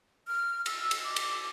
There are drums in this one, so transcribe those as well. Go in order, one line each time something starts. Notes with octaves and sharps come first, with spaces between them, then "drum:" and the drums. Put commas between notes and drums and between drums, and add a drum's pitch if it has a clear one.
F6
E6, drum: cymbal
drum: cymbal
D6
drum: cymbal